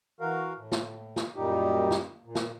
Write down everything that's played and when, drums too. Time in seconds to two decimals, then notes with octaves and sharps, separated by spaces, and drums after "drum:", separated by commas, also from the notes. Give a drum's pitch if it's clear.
0.20 E3 F#4 A#4 F5
0.57 A2
0.72 drum: snare
1.16 drum: snare
1.36 F#2 A#2 G3 D#4 G4
1.91 drum: snare
2.25 A#2
2.35 drum: snare